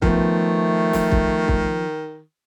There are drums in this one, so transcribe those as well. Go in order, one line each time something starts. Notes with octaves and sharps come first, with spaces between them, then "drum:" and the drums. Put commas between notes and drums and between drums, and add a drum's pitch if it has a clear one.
D#3 F3 A3 B3, drum: kick
drum: snare
drum: kick
drum: kick